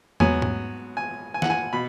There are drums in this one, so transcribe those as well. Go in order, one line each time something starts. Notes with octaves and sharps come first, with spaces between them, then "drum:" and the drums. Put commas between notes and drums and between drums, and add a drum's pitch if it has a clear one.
G#2 F#3 B3 G#5, drum: tom
drum: tom G#2
G#5
G#5
F#5, drum: snare
G#5
B2 B5